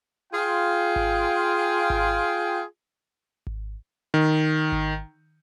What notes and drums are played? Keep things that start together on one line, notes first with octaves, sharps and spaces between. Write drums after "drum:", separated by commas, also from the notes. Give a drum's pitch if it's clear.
F4 G#4 G5
drum: kick G#1
drum: kick G#1
drum: kick G#1
D#3
drum: kick G#1